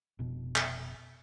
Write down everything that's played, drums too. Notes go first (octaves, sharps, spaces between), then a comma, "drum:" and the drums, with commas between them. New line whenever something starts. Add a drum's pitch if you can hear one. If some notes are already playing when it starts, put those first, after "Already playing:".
F1 B2
drum: clap